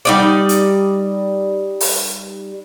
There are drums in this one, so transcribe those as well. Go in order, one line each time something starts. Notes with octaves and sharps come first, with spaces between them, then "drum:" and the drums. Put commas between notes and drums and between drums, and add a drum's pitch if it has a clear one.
G3 D#4 D5
drum: hi-hat
drum: open hi-hat